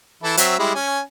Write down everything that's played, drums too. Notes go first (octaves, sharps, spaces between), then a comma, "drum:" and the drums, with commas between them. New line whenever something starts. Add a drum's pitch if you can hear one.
E3 E4 A4
F#3 C4 E5, drum: hi-hat
G3 G#3 E4
C#4 G#5